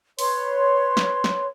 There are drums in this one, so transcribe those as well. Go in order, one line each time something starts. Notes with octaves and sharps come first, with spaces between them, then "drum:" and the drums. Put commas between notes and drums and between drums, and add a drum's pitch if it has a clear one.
B4 C#5 C6, drum: open hi-hat
drum: snare
drum: snare